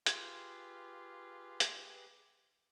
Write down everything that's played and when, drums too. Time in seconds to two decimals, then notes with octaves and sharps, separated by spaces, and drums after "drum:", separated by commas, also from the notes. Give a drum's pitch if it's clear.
0.06 F4 G4 G#4 B4, drum: hi-hat
1.60 drum: hi-hat